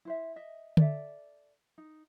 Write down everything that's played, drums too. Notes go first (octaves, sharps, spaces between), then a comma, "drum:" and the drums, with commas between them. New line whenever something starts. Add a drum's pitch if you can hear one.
E4 C5 E5
D#5 E5
A4 D5 E5, drum: tom D3
D#4